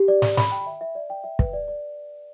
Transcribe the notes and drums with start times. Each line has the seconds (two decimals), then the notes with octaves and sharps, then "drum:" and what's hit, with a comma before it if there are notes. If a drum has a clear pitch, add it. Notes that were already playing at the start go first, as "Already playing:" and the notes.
Already playing: G4
0.08 D5
0.22 G4, drum: snare
0.37 B5, drum: snare
0.51 G5
0.67 E5
0.81 E5
0.95 D5
1.10 G5
1.24 E5
1.39 B4, drum: kick
1.53 D5
1.68 D5